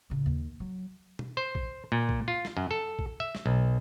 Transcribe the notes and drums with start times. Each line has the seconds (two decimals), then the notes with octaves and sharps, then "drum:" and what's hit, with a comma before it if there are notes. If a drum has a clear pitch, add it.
0.10 A1 C#3
0.26 D#2
0.60 F#3
1.19 drum: tom B2
1.37 C5
1.55 drum: kick A#1
1.92 A#2
2.09 drum: kick A#1
2.28 F4
2.45 drum: snare
2.57 F#2
2.71 A4
2.99 drum: kick A#1
3.20 E5
3.35 drum: snare
3.46 B1